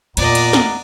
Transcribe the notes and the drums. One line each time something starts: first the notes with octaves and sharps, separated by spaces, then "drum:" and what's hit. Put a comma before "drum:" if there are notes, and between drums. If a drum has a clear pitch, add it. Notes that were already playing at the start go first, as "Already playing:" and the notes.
E2 A#2 D5 D#5 F#5 A#5, drum: cymbal
drum: cymbal
drum: snare